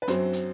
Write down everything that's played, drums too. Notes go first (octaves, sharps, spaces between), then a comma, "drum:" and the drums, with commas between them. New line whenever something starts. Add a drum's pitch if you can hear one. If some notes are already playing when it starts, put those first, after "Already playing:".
B4
F#2 F#3 C4 C5, drum: hi-hat
drum: hi-hat